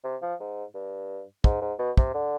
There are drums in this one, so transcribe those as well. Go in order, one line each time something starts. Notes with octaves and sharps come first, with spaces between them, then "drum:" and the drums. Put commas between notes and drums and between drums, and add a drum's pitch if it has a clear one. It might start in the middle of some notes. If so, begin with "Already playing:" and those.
C3
F3
G#2
G2
G#2, drum: kick
G#2
B2
C3, drum: kick
D3